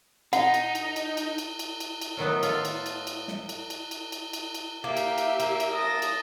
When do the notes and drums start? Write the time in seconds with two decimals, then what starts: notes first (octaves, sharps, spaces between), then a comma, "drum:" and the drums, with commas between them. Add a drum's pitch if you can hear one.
0.33 D#4 F#5, drum: cymbal
0.54 drum: cymbal
0.75 drum: cymbal
0.96 drum: cymbal
1.17 drum: cymbal
1.38 drum: cymbal
1.59 drum: cymbal
1.80 drum: cymbal
2.01 drum: cymbal
2.17 A2 D#3 F#3 B3
2.43 F4 A4 F5, drum: cymbal
2.65 drum: cymbal
2.86 drum: cymbal
3.07 drum: cymbal
3.28 drum: snare
3.49 drum: cymbal
3.70 drum: cymbal
3.91 drum: cymbal
4.12 drum: cymbal
4.33 drum: cymbal
4.54 drum: cymbal
4.84 A#3 G4 E5
4.97 drum: cymbal
5.18 drum: cymbal
5.40 A#3, drum: cymbal
5.60 drum: cymbal
5.73 A5 D#6 A#6
6.02 drum: cymbal